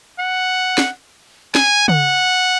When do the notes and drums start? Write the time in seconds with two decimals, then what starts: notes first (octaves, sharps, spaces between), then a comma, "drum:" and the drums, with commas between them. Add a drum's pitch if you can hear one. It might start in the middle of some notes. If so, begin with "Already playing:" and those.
0.19 F#5
0.78 drum: snare
1.55 G#5, drum: snare
1.88 F#5, drum: tom